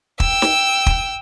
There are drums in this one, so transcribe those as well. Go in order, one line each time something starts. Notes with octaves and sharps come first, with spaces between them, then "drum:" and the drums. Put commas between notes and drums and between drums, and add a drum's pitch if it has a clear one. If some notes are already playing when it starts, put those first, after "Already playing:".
G5 E6, drum: kick
drum: snare
drum: kick